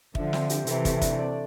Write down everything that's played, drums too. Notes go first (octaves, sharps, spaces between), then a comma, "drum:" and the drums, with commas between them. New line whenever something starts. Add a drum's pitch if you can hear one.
D3 F3 E5, drum: kick
C4, drum: snare
G4, drum: hi-hat
C3 E3 A4, drum: hi-hat
A3, drum: kick, hi-hat
D4, drum: kick, hi-hat
D5